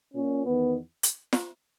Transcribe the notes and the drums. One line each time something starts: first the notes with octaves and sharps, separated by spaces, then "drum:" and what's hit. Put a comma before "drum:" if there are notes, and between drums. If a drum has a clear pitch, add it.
A#2 C#4
E2 D#3 B3
drum: hi-hat
drum: snare